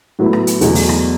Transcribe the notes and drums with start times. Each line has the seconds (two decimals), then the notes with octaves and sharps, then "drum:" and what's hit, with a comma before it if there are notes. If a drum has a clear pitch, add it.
0.19 A2 F#3 B3 E4
0.33 drum: rim click
0.47 drum: hi-hat
0.61 E2 B2 F#3 A3, drum: hi-hat
0.75 drum: open hi-hat
0.89 drum: rim click